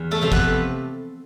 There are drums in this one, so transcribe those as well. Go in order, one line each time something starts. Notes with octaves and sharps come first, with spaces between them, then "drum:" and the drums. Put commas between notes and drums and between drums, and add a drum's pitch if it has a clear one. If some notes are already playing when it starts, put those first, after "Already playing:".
Already playing: E2
A3 A4
C3 F3 A3
B3 B4, drum: kick